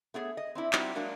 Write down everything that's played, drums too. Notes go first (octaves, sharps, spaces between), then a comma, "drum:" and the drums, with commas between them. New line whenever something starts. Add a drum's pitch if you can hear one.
A3 B3 G#4 C#5
D#5
C4 D4 E4
G3 C4 D#4 E4 F#4, drum: clap
F#3 G#3 A#3 D4 F#4